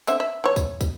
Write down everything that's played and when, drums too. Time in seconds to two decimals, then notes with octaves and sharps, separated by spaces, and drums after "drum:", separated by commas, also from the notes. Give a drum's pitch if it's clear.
0.07 D3 C4 E5, drum: tambourine
0.20 E5
0.44 E3 C#5
0.56 drum: kick, tambourine
0.81 drum: kick, tambourine